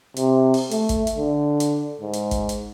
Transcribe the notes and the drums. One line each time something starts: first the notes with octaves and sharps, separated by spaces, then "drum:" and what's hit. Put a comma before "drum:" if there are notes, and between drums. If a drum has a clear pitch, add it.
C3, drum: hi-hat
drum: open hi-hat
A3, drum: hi-hat
drum: kick, hi-hat
drum: hi-hat
D3
drum: hi-hat
G#2
drum: hi-hat
drum: kick, hi-hat
drum: hi-hat